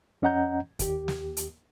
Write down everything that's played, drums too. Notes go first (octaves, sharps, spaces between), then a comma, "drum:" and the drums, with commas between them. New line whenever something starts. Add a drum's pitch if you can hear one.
F2 C#4 D#5 F#5 A#5 G6
D#2 G4, drum: kick, hi-hat
drum: snare
drum: hi-hat